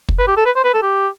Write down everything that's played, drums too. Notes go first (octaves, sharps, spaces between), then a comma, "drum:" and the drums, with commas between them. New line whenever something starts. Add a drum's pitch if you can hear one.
drum: kick
B4
G4
A4
B4
C5
B4
A4
G4